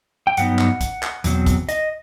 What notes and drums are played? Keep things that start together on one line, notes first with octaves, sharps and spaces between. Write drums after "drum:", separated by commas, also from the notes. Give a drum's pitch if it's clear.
G5
G2 F#3 B3 D#4 F#5, drum: hi-hat
drum: clap
drum: kick, hi-hat
drum: clap
E2 B2 F#3 C4, drum: hi-hat
drum: kick, hi-hat
D#5, drum: hi-hat